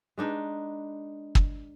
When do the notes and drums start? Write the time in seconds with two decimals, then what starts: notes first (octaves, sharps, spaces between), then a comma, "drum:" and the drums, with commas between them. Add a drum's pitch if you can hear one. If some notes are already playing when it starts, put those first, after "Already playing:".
0.18 G#3 D4 D#4 B4
1.35 drum: kick